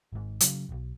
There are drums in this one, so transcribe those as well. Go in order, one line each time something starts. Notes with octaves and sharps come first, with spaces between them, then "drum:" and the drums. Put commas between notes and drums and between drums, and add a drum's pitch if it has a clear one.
G#1 G#2
C#3 F#3, drum: hi-hat
E1 B1